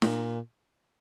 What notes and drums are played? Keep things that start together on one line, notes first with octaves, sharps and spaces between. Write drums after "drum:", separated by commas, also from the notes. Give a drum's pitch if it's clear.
A2, drum: snare
A#2